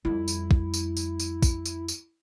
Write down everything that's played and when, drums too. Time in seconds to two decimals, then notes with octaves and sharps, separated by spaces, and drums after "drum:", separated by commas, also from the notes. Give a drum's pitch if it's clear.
0.05 F2 G3 E4
0.28 drum: tambourine
0.51 drum: kick
0.74 drum: tambourine
0.97 drum: tambourine
1.20 drum: tambourine
1.43 drum: kick, tambourine
1.65 drum: tambourine
1.88 drum: tambourine